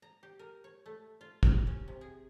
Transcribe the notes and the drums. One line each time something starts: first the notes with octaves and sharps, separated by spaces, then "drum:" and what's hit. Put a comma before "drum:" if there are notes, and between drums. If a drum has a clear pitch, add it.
A#5
G4
A#4
C#5
A3
F4
G4, drum: kick
C#4
C3
G#4